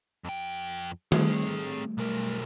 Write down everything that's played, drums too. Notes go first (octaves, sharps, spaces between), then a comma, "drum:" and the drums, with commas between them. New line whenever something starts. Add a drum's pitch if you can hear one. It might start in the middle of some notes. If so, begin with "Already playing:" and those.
F2 G5
G3 A3 C4 G#4, drum: tom D#3
B1 A#4